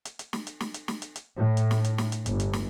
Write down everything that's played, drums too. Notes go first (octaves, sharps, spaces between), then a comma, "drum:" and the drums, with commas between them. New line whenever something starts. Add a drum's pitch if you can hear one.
drum: hi-hat
drum: hi-hat
drum: snare
drum: hi-hat
drum: snare
drum: hi-hat
drum: snare
drum: hi-hat
drum: hi-hat
A2
drum: hi-hat
drum: snare
drum: hi-hat
drum: snare
drum: hi-hat
G1, drum: hi-hat
drum: hi-hat
drum: snare